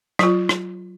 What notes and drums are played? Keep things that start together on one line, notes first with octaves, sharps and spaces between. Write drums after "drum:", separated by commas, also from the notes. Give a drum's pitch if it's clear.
F#3 F4, drum: rim click
drum: rim click